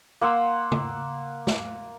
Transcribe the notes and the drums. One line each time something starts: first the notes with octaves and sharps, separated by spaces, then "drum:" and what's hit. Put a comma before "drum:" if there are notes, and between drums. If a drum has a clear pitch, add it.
A#3 F#5 C6 E6
drum: tom C#3
drum: snare